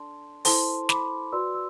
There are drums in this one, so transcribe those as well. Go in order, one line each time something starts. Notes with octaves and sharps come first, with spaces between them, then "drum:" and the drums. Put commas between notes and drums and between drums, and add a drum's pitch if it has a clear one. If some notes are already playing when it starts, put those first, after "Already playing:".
Already playing: D4 A4 D5 A5 C6
E4 A4 C5 A5 C6, drum: open hi-hat
B5 D6, drum: snare
F#4 B4 D5 C6 E6
E6